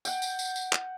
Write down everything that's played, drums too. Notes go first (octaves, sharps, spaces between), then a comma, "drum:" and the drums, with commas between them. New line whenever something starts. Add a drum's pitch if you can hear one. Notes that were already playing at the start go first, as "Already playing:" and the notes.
F#5 G5, drum: tambourine
drum: tambourine
drum: tambourine
drum: tambourine
drum: clap